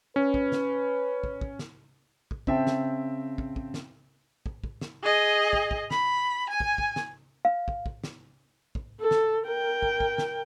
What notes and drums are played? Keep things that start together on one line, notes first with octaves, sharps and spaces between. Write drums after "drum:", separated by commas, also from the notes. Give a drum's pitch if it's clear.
C#4 B4
drum: kick
drum: snare
drum: kick
drum: kick
drum: snare
drum: kick
C#3 C4 E5 G5 A5, drum: kick
drum: snare
drum: kick
drum: kick
drum: snare
drum: kick
drum: kick
drum: snare
G#4 D#5
drum: kick
drum: kick
B5, drum: snare
G#5
drum: kick
drum: kick
drum: snare
F5
drum: kick
drum: kick
drum: snare
drum: kick
A4
drum: snare
A#4 G5
drum: kick
drum: kick
drum: snare